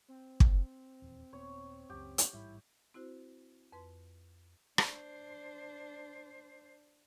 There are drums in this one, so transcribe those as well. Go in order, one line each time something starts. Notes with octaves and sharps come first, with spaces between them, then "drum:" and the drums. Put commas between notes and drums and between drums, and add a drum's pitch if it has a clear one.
C4
drum: kick
D#1 E2
D#1 B3 C#5
C#2 F#2 G4
drum: hi-hat
A1 G#2 G3 E4
C4 E4 F#4 C5
F2 B4 C6
D4 C5, drum: rim click